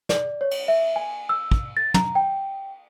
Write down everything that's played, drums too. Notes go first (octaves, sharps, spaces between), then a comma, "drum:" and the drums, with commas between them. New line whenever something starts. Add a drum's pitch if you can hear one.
D5, drum: snare
C#5
drum: cymbal
E5
G#5
E6
drum: kick
A6
A#5, drum: tom
G5